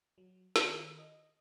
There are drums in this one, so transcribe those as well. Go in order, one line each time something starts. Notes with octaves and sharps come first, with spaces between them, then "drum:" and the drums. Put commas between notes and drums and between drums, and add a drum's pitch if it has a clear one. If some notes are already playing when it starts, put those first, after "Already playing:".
F#3
D#3, drum: snare
D#5